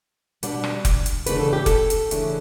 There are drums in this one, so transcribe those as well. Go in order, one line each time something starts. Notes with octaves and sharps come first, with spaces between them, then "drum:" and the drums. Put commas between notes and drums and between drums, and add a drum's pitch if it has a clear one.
B2 G3 B3 D4, drum: hi-hat
drum: rim click
drum: kick F1, hi-hat
drum: hi-hat
D2 C#3 E3 B3 D4 B4, drum: hi-hat
A4
G4
A4, drum: kick F1, hi-hat
drum: hi-hat
C#3 E3 A3 D4, drum: hi-hat